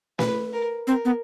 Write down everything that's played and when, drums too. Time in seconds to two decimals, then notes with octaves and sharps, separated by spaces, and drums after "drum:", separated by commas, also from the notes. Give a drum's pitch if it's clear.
0.19 B4, drum: snare
0.53 A#4
0.87 C4 A#4
1.05 B3